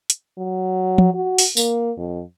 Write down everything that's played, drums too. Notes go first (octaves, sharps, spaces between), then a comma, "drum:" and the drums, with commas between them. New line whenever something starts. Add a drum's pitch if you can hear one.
drum: hi-hat
F#3
drum: tom F3
F#4
drum: open hi-hat
A#3, drum: tambourine
F2